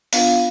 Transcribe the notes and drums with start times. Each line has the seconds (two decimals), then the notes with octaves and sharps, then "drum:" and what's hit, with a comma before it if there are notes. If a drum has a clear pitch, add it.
0.13 B3 D4 F4 F5, drum: open hi-hat
0.28 F5